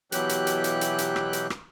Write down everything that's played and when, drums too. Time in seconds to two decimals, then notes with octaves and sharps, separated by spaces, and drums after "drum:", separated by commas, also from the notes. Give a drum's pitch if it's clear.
0.12 B2 E3 F#3 G4 F#6, drum: hi-hat
0.29 drum: hi-hat
0.47 drum: hi-hat
0.64 drum: hi-hat
0.81 drum: hi-hat
0.98 drum: hi-hat
1.16 drum: rim click
1.33 drum: hi-hat
1.50 drum: rim click